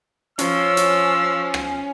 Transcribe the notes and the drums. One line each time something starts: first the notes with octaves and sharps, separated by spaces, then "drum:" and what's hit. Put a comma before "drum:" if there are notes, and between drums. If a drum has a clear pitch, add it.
F3 C#4 E6, drum: hi-hat
drum: hi-hat
drum: rim click